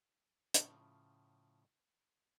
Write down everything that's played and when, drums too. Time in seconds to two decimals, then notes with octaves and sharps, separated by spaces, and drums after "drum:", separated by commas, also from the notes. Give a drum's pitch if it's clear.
0.54 A2 C#3 F3, drum: hi-hat